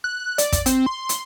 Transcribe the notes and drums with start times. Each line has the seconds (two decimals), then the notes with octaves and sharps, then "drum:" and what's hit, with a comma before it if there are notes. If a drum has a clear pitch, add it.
0.04 F#6
0.38 D5, drum: hi-hat
0.52 drum: kick, hi-hat
0.66 C4, drum: hi-hat
0.86 C6
1.09 drum: hi-hat